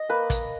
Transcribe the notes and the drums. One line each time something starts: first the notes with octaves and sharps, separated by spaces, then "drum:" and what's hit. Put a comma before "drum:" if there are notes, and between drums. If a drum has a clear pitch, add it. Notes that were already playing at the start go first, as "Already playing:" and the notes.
Already playing: D#5
A#3 B4
drum: kick, hi-hat